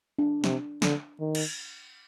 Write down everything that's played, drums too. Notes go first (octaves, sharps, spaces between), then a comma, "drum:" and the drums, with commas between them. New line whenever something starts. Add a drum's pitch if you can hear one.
D4
C3, drum: snare
D3, drum: snare
D#3
drum: cymbal